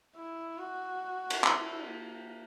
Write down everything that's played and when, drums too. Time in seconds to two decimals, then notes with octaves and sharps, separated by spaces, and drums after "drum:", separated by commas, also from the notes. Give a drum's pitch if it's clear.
0.15 E4
0.58 F#4
1.30 drum: cymbal
1.44 E4, drum: clap
1.87 A#3